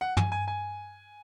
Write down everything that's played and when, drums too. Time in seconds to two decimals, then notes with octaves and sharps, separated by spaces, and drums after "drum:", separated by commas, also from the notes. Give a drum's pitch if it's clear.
0.01 F#5
0.17 G#5, drum: tom
0.32 G#5
0.48 G#5